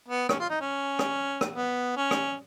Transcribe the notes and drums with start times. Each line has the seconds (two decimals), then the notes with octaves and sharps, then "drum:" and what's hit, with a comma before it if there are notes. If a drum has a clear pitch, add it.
0.08 B3
0.29 C#4, drum: rim click
0.40 F4
0.50 D#4
0.61 C#4
0.99 drum: rim click
1.41 drum: rim click
1.55 B3
1.97 C#4
2.11 drum: rim click